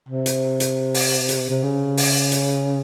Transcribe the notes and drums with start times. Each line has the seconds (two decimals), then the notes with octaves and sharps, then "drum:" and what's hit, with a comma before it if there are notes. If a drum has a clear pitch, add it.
0.09 C3
0.26 drum: hi-hat
0.60 drum: hi-hat
0.94 drum: open hi-hat
1.29 drum: hi-hat
1.49 C3
1.63 C#3
1.97 drum: open hi-hat
2.32 drum: hi-hat